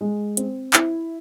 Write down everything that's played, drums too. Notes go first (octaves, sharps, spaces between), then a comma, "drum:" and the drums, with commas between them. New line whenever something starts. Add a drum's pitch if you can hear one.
G#3
C4, drum: hi-hat
E4, drum: clap